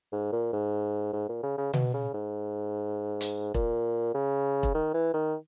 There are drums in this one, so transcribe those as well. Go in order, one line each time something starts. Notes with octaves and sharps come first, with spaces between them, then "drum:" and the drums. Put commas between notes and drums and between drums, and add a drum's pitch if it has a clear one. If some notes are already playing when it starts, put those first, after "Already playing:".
G#2
A#2
G#2
G#2
A#2
C#3
C#3
B2, drum: tom B2
C#3
G#2
drum: hi-hat
A#2, drum: kick E1
C#3
drum: kick E1
D#3
E3
D#3